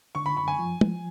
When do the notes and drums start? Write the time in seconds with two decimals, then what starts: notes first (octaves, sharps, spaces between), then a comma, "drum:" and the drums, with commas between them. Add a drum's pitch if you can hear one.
0.15 D3 C#6
0.26 B5
0.37 F#2 B5
0.48 G#5
0.59 F3
0.81 F3, drum: tom